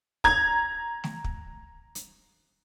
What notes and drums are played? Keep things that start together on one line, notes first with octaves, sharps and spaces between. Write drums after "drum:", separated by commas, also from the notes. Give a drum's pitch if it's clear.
A#5 G#6, drum: kick
drum: snare A3
drum: kick
drum: hi-hat